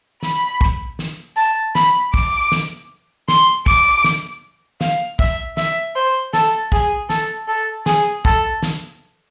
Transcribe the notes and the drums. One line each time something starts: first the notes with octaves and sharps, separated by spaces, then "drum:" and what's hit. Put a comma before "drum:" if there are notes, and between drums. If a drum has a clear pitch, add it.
B5, drum: snare
drum: kick
drum: snare
A5
B5, drum: snare
D6, drum: kick
drum: snare
C6, drum: snare
D6, drum: kick
drum: snare
F5, drum: snare
E5, drum: kick
E5, drum: snare
C5
A4, drum: snare
G#4, drum: kick
A4, drum: snare
A4
G#4, drum: snare
A4, drum: kick
drum: snare